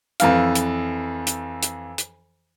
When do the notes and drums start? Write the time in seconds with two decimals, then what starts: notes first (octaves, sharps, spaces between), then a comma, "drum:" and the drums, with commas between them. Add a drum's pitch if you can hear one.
0.20 F2 E3 F5, drum: hi-hat
0.55 drum: hi-hat
1.27 drum: hi-hat
1.63 drum: hi-hat
1.98 drum: hi-hat